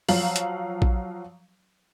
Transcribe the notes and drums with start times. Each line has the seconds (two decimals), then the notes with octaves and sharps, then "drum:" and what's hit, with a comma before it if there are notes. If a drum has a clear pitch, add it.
0.09 F3 F#3 F5 F#7, drum: open hi-hat
0.36 drum: hi-hat
0.82 drum: kick A#1